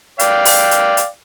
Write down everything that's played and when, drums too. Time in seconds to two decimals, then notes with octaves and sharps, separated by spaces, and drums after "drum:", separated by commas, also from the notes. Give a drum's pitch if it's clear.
0.19 D5 F5 G5, drum: hi-hat
0.45 drum: open hi-hat
0.71 drum: hi-hat
0.97 drum: hi-hat